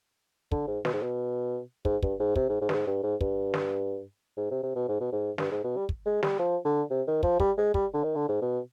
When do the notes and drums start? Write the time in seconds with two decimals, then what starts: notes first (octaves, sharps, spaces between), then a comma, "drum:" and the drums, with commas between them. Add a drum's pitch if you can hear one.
0.51 D3, drum: kick
0.67 G#2
0.85 B2, drum: snare
0.93 G#2
1.02 B2
1.85 G#2, drum: kick
2.03 G2, drum: kick
2.20 G#2
2.36 C3, drum: kick
2.49 G#2
2.61 G#2
2.69 G2, drum: snare
2.74 G#2
2.87 G2
3.03 G#2
3.21 G2, drum: kick
3.54 drum: snare
4.37 G#2
4.51 C3
4.63 C3
4.76 B2
4.88 G#2
5.00 B2
5.12 G#2
5.38 G2, drum: snare
5.51 G#2
5.64 B2
5.76 G3
5.89 drum: kick
6.06 G#3
6.23 G3, drum: snare
6.39 F3
6.65 D3
6.90 C3
7.07 D#3
7.23 F3, drum: kick
7.40 G3, drum: kick
7.58 G#3
7.74 G3, drum: kick
7.94 D3
8.03 D#3
8.16 D3
8.28 G#2
8.42 B2